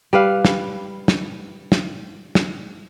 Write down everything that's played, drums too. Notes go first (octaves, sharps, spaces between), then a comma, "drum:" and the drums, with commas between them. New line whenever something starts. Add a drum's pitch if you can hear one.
G3 B4 F5
drum: snare
drum: snare
drum: snare
drum: snare